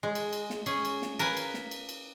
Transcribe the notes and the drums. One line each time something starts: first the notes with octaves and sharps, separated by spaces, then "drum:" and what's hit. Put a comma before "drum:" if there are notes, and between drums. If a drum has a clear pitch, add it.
G#3
drum: cymbal
drum: cymbal
drum: snare
C#4 G#4, drum: cymbal
drum: cymbal
drum: snare
A#4 B4 F5 G#5, drum: cymbal
drum: cymbal
drum: snare
drum: cymbal
drum: cymbal